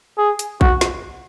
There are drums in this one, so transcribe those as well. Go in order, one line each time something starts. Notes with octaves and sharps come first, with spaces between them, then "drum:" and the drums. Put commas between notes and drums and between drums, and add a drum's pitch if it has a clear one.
G#4
drum: hi-hat
F#4, drum: kick A#1
drum: snare